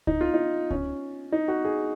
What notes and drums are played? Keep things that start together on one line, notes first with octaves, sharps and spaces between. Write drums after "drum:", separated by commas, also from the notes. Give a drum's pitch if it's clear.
D#4, drum: kick C#2
F4
D#4
C#4, drum: kick C#2
D#4
F#4
G#4